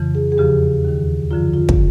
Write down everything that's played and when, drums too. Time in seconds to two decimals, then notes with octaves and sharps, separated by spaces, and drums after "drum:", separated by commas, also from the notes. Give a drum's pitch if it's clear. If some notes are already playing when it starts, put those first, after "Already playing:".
Already playing: F2 C#3 E3
0.15 G#4
0.32 G#4
0.38 E2 C#3 F3 G4
0.85 D#2 D#3
1.31 F#2 D3 F3 F4
1.54 F4
1.69 drum: kick